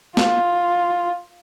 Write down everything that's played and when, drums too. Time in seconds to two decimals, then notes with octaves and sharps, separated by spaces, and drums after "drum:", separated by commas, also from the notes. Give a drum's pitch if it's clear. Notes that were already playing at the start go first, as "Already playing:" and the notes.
0.17 F4, drum: snare